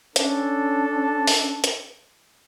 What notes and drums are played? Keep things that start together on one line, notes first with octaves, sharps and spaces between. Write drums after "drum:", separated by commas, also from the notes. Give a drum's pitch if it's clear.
C#4 D4 A4, drum: hi-hat
drum: open hi-hat
drum: hi-hat